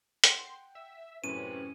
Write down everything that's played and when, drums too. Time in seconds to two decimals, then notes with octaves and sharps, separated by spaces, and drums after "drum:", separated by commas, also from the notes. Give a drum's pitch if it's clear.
0.24 F#5 G5 C6, drum: hi-hat
0.75 E5
1.24 F#2 A2 C3 C#4 B4 D#7